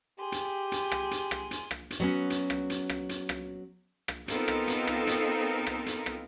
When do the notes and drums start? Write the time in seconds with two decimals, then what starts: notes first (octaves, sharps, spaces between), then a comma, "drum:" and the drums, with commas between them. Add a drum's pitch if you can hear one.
0.20 G4 G#4 C6
0.32 drum: hi-hat
0.72 drum: hi-hat
0.92 drum: rim click
1.11 drum: hi-hat
1.31 drum: rim click
1.51 drum: hi-hat
1.71 drum: rim click
1.90 drum: hi-hat
2.00 F#3 B3 C#4
2.30 drum: hi-hat
2.50 drum: rim click
2.70 drum: hi-hat
2.89 drum: rim click
3.09 drum: hi-hat
3.29 drum: rim click
4.08 drum: rim click
4.28 B3 C4 D#4 F4 A4 A#4, drum: hi-hat
4.48 drum: rim click
4.68 drum: hi-hat
4.87 drum: rim click
5.07 drum: hi-hat
5.67 drum: rim click
5.86 drum: hi-hat
6.06 drum: rim click